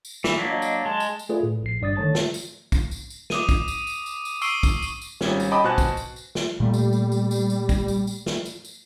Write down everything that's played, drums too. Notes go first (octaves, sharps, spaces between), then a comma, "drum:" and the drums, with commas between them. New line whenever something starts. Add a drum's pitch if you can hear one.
drum: tambourine
E3, drum: snare
F#3 A#3 D4 B6
D#5
drum: tambourine
G#3 A5
drum: tambourine
drum: tambourine
A3 F4 G#4 B4 D5
A2
A#1 C7
G#1 G2 D5 D#6 A6
D3 D#3 A3 C#5 A5 A6
drum: snare
drum: tambourine
drum: kick, tambourine
drum: tambourine
drum: tambourine
D6 D#6 D#7, drum: snare
drum: kick, tambourine
drum: tambourine
drum: tambourine
drum: tambourine
drum: tambourine
C#6 E6 C7 D7 D#7 G7, drum: tambourine
drum: kick, tambourine
drum: tambourine
drum: tambourine
G#1 G3 C#4, drum: snare
drum: tambourine
D#5 G5 A5 B5 D6 D#6
B2 F#4 C5 G#5 A5 F#6
drum: kick, tambourine
drum: tambourine
drum: tambourine
drum: snare
A#2 G3 A3
drum: tambourine
drum: tambourine
drum: tambourine
drum: tambourine
drum: tambourine
drum: kick, tambourine
drum: tambourine
drum: tambourine
drum: snare
drum: tambourine
drum: tambourine